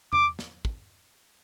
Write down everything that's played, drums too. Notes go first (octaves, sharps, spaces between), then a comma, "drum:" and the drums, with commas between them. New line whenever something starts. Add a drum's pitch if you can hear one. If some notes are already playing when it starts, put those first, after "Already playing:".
D6, drum: tom E2
drum: snare
drum: kick